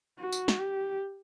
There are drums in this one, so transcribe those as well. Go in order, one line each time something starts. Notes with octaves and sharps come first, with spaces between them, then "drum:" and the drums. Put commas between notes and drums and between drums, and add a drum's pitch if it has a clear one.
F#4
drum: tambourine
drum: snare
G4